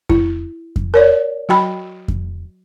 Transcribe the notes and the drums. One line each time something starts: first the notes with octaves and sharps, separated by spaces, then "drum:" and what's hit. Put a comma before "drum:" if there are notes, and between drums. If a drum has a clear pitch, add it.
E4, drum: kick F2
drum: kick F2
A#4 C#5 D5
F#3 F#4 G5 B5
drum: kick F2